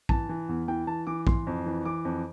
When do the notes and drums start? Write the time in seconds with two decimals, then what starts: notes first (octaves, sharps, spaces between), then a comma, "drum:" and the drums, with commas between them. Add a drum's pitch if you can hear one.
0.09 E3 A5, drum: kick A#1
0.29 E3
0.49 E2
0.68 E3 G5
0.87 E3 A5
1.07 E3 D6
1.27 E3 C6, drum: kick A#1
1.47 F2
1.66 E3
1.85 E3 D6
2.05 F2